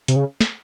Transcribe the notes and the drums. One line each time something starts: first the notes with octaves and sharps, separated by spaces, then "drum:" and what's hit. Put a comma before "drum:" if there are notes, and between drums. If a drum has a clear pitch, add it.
C3, drum: hi-hat
C#3
drum: snare